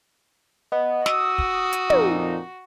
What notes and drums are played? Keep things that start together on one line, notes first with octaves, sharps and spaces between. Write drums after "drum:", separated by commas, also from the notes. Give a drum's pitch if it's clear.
B3 D#5
F#4 D#6 E6, drum: snare
drum: kick
drum: hi-hat
F2 A#2 D#4, drum: tom